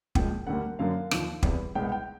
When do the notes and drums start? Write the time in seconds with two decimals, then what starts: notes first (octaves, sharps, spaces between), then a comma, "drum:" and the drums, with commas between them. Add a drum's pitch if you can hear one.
0.15 A#2 F3 G#3 G5, drum: kick
0.47 D2 D3 G3 A#3 F#5
0.79 F#2 D3 F#3 A#3 F5
1.11 D#2 D3 F3, drum: rim click
1.43 E2 C3 E3 G3, drum: kick
1.75 C2 B2 G#3 G5
1.83 F#5
1.92 G5